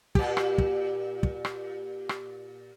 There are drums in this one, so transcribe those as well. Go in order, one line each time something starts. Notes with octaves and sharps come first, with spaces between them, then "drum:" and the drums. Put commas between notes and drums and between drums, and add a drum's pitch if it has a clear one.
A#2 G4, drum: kick
drum: rim click
drum: kick
drum: kick
drum: rim click
drum: rim click